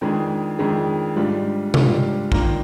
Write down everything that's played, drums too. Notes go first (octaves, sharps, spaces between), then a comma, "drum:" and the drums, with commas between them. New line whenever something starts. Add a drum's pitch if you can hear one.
F2 D#3 G#3 D4 G#4
F2 D#3 G#3 D4 G#4
G#2 G3 D4 F4
G#2 G3 D4 F4, drum: tom C3
D#3 A#3 D4 F4, drum: kick